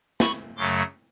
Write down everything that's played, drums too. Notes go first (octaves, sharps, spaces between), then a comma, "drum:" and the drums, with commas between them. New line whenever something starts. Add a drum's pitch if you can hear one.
B5 C#6, drum: snare
F#2 C#3 F#3 A3 C6 D6